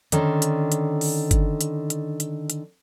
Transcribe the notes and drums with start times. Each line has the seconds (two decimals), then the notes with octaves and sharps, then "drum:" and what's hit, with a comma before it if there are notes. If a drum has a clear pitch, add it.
0.12 D3 D#3 C#4 D#4, drum: hi-hat
0.42 drum: hi-hat
0.72 drum: hi-hat
1.01 drum: open hi-hat
1.31 drum: kick G1, hi-hat
1.61 drum: hi-hat
1.90 drum: hi-hat
2.20 drum: hi-hat
2.50 drum: hi-hat